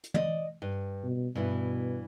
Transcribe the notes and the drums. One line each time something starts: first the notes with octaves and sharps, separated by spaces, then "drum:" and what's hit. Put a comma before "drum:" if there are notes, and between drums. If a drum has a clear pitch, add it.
drum: hi-hat
D5 D#5, drum: tom
G2
B2
G2 B2 E3 E4